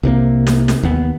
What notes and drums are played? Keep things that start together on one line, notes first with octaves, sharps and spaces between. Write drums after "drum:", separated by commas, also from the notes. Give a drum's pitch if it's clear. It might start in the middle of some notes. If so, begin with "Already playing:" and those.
C2 C3 D#3 A#3
drum: snare
drum: snare
D#2 B3